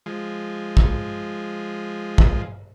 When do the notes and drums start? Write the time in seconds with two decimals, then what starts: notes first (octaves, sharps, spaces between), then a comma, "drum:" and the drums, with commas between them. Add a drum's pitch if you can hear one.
0.06 F3 G#3
0.77 drum: kick
2.18 drum: kick